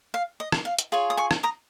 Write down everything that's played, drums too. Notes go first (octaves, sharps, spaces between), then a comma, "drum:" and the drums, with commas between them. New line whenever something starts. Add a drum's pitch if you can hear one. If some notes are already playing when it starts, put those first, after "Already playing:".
F5
D#5
drum: rim click
F5
drum: hi-hat
F4 G#4 C#5
D#6
G#5 C#6
drum: rim click
A#5 D#6